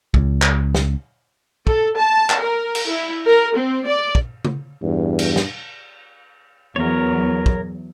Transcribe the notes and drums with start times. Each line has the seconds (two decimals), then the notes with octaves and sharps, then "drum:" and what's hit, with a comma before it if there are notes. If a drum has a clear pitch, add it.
0.14 C#2, drum: kick
0.42 drum: clap
0.75 drum: snare
1.67 A4, drum: kick
1.99 A5
2.30 drum: clap
2.41 A#4
2.75 drum: cymbal
2.88 E4
3.26 A#4
3.56 C4
3.86 D5
4.15 drum: kick
4.45 drum: tom C#3
4.83 E2 G2
5.19 drum: cymbal
5.36 drum: snare
6.76 E2 F#3 A#4 C#5
7.46 drum: kick